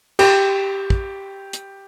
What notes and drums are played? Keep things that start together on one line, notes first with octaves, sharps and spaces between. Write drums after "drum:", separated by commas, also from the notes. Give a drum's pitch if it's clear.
G4, drum: cymbal
drum: kick
drum: hi-hat